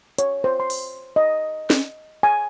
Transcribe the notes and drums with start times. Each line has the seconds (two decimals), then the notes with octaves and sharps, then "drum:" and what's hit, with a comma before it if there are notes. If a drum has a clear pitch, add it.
0.19 C#5, drum: hi-hat
0.44 C5
0.60 C6
0.70 drum: open hi-hat
1.16 D#5
1.70 drum: snare
2.23 G#5